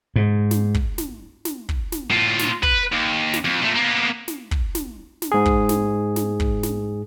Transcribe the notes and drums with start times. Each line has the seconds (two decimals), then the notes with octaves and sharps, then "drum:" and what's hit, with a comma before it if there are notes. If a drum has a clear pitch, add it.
0.16 G#2
0.51 drum: snare
0.74 drum: kick
0.98 drum: snare
1.45 drum: snare
1.69 drum: kick
1.92 drum: snare
2.10 A2 F4
2.39 drum: snare
2.63 B4, drum: kick
2.92 D#2
3.34 drum: snare
3.45 F2
3.62 A#2 A3
3.76 A#3 B3
4.28 drum: snare
4.51 drum: kick
4.75 drum: snare
5.22 drum: snare
5.32 G#2 G#4
5.45 drum: kick
5.69 drum: snare
6.16 drum: snare
6.40 drum: kick
6.63 drum: snare